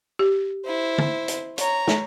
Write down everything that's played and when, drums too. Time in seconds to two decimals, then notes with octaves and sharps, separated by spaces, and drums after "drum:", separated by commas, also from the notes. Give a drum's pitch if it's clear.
0.19 G4
0.65 E4 C5
0.98 drum: tom
1.28 drum: hi-hat
1.58 C#5 A#5, drum: hi-hat
1.87 drum: snare